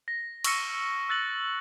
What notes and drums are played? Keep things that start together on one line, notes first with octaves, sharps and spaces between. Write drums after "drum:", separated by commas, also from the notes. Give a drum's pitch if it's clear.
A#6
C#6 E6 F6 A#6 C#7 D#7, drum: cymbal
E6 F#6 A6 A#6 F#7